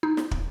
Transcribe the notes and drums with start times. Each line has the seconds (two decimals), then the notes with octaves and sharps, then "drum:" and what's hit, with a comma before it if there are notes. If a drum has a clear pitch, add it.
0.03 D#4
0.17 drum: snare
0.31 drum: kick